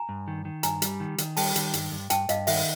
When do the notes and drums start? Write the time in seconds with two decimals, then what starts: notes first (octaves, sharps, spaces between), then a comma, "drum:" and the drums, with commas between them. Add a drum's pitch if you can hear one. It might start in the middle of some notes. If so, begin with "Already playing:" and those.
Already playing: G#5 A#5
0.09 G2
0.28 D#3
0.45 D#3
0.63 G2 G#5 A#5, drum: hi-hat
0.82 G3, drum: hi-hat
1.00 D#3
1.18 D#3, drum: hi-hat
1.37 G3 G5 A5, drum: open hi-hat
1.56 D#3, drum: hi-hat
1.74 G2, drum: hi-hat
1.92 G2
2.10 G2 G5 A5, drum: hi-hat
2.29 G2 D#5 F5, drum: hi-hat
2.47 D#3 E5 F#5, drum: open hi-hat